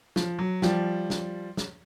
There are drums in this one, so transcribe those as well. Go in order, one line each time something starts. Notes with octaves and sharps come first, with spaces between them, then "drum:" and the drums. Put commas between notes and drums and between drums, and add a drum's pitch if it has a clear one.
F3, drum: snare
F#3
F3 G3, drum: snare
drum: snare
drum: snare